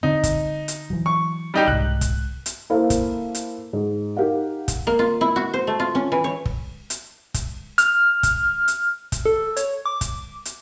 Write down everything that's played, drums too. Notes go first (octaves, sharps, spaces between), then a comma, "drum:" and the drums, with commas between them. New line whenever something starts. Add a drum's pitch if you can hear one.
D3 C4 D#4
drum: kick, hi-hat
drum: hi-hat
E3 F#3
C#6
G3 D#4 G4
C2 G#2 F#6
drum: kick, hi-hat
drum: hi-hat
A#3 E4 A4 A#4 C5 F5
drum: kick, hi-hat
drum: hi-hat
G#2
D#4 G4 A#4 F5 F#5
drum: kick, hi-hat
A#3
F4
E4
F#4
C5
A3
F4
C#4
E3
C#5
drum: kick
drum: hi-hat
drum: kick, hi-hat
F6, drum: hi-hat
drum: kick, hi-hat
drum: hi-hat
drum: kick, hi-hat
A4
C#5, drum: hi-hat
D6
drum: kick, hi-hat
drum: hi-hat